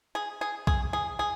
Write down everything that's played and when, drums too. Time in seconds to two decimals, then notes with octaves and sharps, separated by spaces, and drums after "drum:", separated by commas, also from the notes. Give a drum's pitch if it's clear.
0.15 G#4
0.41 G#4
0.67 G#4, drum: kick B1
0.93 G#4
1.19 G#4